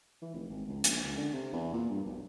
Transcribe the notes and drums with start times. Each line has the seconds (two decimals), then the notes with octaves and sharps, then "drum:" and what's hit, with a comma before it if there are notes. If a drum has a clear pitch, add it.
0.22 E3
0.34 F1
0.50 G#1
0.68 C#2
0.84 A#1, drum: hi-hat
1.03 C#2
1.17 D3
1.33 C3
1.53 E2
1.74 A#2
1.90 G2
2.06 B1